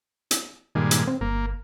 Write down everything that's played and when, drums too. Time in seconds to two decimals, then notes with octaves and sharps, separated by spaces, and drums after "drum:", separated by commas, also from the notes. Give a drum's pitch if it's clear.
0.31 drum: hi-hat
0.75 G2 A#2 D#3 G#3
0.91 drum: hi-hat
1.08 C4
1.21 G1 A#3